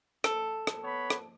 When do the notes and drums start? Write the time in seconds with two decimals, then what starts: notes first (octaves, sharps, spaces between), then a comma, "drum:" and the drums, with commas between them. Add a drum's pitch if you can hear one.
0.24 A4, drum: rim click
0.67 drum: rim click
0.83 B3 C#5 B5
1.10 drum: rim click